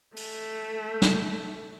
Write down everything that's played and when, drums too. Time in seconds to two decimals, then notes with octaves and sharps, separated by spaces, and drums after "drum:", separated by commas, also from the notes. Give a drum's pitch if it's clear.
0.16 A3, drum: open hi-hat
1.02 drum: snare